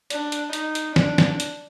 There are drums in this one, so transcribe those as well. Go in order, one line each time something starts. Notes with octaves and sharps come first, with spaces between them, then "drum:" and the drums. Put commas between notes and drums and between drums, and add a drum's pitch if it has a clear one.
D4, drum: hi-hat
drum: hi-hat
D#4, drum: hi-hat
drum: hi-hat
D4, drum: snare
drum: snare
drum: hi-hat